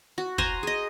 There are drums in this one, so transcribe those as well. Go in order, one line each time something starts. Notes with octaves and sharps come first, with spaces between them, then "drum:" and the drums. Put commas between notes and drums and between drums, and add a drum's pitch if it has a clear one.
F#4
C5 G#5 A#5, drum: kick
G#4 D#5